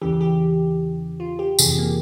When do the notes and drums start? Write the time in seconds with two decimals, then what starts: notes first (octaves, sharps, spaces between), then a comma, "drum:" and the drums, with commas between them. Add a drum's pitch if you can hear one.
0.02 E2 C#3 E3 G4
0.21 G4
1.20 F4
1.39 G4
1.59 F2 C3 E3 G#4, drum: tambourine
1.68 G4
1.78 A#3